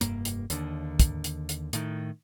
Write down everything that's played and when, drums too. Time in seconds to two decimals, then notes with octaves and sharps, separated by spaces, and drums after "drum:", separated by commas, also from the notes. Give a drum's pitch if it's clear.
0.01 F1 G2 A#3, drum: hi-hat
0.25 drum: hi-hat
0.50 D#2 D3, drum: hi-hat
1.00 drum: kick, hi-hat
1.24 drum: hi-hat
1.49 drum: hi-hat
1.73 A2 D#3, drum: hi-hat